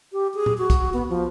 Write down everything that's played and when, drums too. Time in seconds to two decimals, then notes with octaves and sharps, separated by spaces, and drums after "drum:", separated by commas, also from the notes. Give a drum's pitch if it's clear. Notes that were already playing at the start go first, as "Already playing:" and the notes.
0.13 G4
0.35 G#4
0.46 drum: tom A#2
0.58 F#4
0.70 drum: kick, hi-hat
0.93 B3
1.10 F3